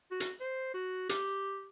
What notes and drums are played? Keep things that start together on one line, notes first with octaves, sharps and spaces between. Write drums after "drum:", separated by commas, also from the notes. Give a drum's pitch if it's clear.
F#4
drum: hi-hat
C5
F#4
G4, drum: hi-hat